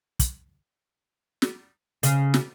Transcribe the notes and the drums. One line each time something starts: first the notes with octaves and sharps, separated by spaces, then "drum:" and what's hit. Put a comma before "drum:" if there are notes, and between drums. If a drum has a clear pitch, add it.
drum: kick, hi-hat
drum: snare
C#3, drum: hi-hat
drum: snare